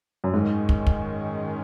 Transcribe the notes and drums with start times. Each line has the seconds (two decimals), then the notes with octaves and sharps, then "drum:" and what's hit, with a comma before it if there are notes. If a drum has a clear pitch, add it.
0.24 F#2
0.34 G#2 D#3 G#3 C#4
0.69 drum: kick
0.87 drum: kick